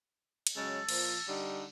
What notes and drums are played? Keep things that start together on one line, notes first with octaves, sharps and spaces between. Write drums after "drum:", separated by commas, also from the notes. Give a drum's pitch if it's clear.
drum: cymbal
C#3 F#3 G#3 A4
A#2 F3, drum: cymbal
D3 G3 D#4